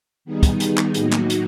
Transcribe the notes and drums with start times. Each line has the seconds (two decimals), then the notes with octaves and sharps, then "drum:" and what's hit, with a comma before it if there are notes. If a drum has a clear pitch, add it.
0.25 D#3 G3 B3 D#4 G#4
0.43 drum: kick, hi-hat
0.60 drum: hi-hat
0.78 drum: clap
0.94 A2 F#3 A#3 D#4 F#4, drum: hi-hat
1.12 drum: clap
1.30 drum: hi-hat